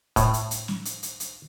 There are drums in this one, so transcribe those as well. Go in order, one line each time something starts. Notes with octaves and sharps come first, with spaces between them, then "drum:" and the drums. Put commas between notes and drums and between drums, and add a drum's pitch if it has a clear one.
A2, drum: kick, hi-hat
drum: hi-hat
drum: hi-hat
drum: snare
drum: hi-hat
drum: hi-hat
drum: hi-hat